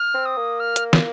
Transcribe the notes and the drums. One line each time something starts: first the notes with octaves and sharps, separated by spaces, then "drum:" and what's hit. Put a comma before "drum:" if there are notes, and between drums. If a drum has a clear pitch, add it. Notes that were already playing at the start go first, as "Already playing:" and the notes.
Already playing: F6
C4
D#6
A#3
F6
drum: hi-hat
drum: snare